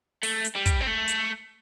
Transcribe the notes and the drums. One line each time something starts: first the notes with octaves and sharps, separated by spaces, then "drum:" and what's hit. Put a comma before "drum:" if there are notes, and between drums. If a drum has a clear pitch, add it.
A3, drum: open hi-hat
drum: hi-hat
G3
drum: kick, hi-hat
C4
A3
drum: hi-hat